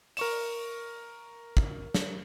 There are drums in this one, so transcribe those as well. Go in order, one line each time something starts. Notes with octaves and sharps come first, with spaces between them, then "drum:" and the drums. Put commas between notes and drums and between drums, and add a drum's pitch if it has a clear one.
A#4 C#6 E7, drum: open hi-hat
drum: kick
drum: snare